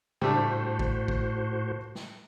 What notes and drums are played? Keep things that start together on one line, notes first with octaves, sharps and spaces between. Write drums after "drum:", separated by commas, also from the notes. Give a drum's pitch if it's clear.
A2 G3 A3 D4 F#4 C5, drum: tom
drum: kick G#1
drum: kick G#1
drum: snare